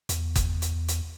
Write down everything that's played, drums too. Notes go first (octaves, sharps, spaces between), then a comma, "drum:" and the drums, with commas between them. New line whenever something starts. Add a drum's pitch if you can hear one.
E2, drum: hi-hat
drum: kick F#1, hi-hat
drum: hi-hat
drum: hi-hat